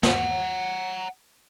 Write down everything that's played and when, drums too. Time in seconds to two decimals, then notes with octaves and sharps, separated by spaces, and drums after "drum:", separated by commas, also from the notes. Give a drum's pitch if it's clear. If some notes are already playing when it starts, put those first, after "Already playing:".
0.03 F#5 A#5, drum: snare